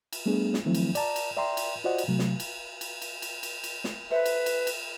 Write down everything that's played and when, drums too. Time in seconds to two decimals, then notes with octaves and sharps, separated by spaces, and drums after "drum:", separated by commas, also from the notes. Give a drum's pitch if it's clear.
0.13 drum: cymbal
0.26 G3 A3 B3 D4 G#4
0.54 drum: snare
0.65 D#3 F3 F#3 A3 C4 E4
0.74 drum: cymbal
0.95 D5 A5 A#5, drum: cymbal
1.16 drum: cymbal
1.37 D5 E5 G5 A#5 C6
1.57 drum: cymbal
1.84 F4 F#4 C5 D5 D#5 F#5
1.98 drum: cymbal
2.08 C3 F#3 A3
2.19 drum: snare
2.40 drum: cymbal
2.81 drum: cymbal
3.02 drum: cymbal
3.22 drum: cymbal
3.43 drum: cymbal
3.64 drum: cymbal
3.84 drum: snare
4.11 A4 B4 C5 E5
4.26 drum: cymbal
4.46 drum: cymbal
4.67 drum: cymbal